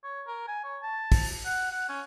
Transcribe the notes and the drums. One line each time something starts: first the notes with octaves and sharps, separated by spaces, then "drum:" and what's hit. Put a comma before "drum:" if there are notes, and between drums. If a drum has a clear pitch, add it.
C#5
A#4
G#5
C#5
A5
drum: kick, open hi-hat
F#5
F#5
C#4